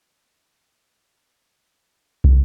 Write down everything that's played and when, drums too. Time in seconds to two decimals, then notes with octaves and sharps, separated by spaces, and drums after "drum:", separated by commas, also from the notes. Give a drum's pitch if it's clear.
0.10 G2 G4
0.28 G2
0.45 G2 D4
0.63 G#2
0.80 F2 D4
0.98 C4
1.04 G2
1.15 D4
2.24 drum: kick